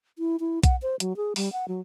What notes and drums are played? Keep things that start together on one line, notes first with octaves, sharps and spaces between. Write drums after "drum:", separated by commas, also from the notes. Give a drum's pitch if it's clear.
E4
E4
F#5, drum: kick B1, hi-hat
C5
F#3, drum: hi-hat
G#4
G3, drum: open hi-hat
F#5
F#3